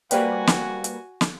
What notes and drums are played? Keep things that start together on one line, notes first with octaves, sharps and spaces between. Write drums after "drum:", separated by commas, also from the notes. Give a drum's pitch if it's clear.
G3 A#3 F#4 B4 C5 D5 G5 G#5, drum: hi-hat
drum: snare
drum: hi-hat
drum: snare